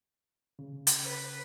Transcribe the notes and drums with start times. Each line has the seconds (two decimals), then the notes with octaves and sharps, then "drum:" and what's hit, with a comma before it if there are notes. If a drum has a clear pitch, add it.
0.59 C#3
0.87 drum: hi-hat
1.05 B4